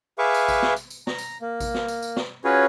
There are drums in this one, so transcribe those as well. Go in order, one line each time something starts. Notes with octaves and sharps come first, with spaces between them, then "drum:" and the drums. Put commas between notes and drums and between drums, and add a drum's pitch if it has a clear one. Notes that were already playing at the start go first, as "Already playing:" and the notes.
G#4 B4 E5 F5 C#6 D6
drum: tambourine
drum: kick A1, tambourine
drum: snare
drum: tambourine
drum: tambourine
A#5, drum: snare
drum: tambourine
A#3
drum: kick A1, tambourine
drum: snare
drum: tambourine
drum: tambourine
drum: snare
C#4 F4 F#4 G#4 B4 C#5